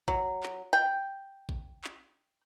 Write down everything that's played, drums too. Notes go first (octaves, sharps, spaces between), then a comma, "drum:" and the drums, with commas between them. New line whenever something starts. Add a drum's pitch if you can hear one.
F#3, drum: kick
drum: clap
G5
drum: kick
drum: clap